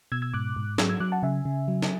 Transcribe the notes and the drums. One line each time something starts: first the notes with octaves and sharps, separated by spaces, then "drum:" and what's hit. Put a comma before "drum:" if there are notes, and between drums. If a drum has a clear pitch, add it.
B2 E6 G#6
E6 G#6
G#2 D6 F#6
G#2
F#3 E6 G#6, drum: snare
E6 G#6
F#3 D6 F#6
F#5 A5
C#3 E5 G#5
C#3
F#3
drum: snare